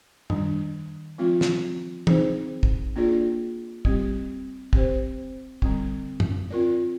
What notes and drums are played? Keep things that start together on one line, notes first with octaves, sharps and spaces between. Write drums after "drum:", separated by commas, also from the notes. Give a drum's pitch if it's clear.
D#3 G3 D4, drum: tom F#2
F3 G#3 C4 F4
drum: snare
C4 D#4 G#4 C5, drum: tom
drum: kick
A#3 D4 F4 G#4 D5
G3 C4 G4, drum: kick
C4 G4 C5, drum: kick
D3 G3 C4, drum: kick
drum: tom F#2
C4 F4 A#4 D5